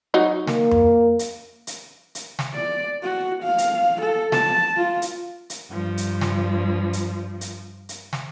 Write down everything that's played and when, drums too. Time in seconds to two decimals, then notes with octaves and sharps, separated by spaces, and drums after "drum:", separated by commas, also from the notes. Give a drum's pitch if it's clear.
0.14 F#3 D#4 F#4
0.47 A#3, drum: snare
0.71 drum: tom F2
1.19 drum: hi-hat
1.67 drum: hi-hat
2.15 drum: hi-hat
2.39 drum: snare
2.54 D5
3.03 F#4
3.43 F5
3.58 drum: hi-hat
4.01 A4
4.32 A5, drum: snare
4.77 F4
5.02 drum: hi-hat
5.50 drum: hi-hat
5.70 G2 F3
5.97 drum: hi-hat
6.21 drum: snare
6.93 drum: hi-hat
7.41 drum: hi-hat
7.89 drum: hi-hat
8.13 drum: snare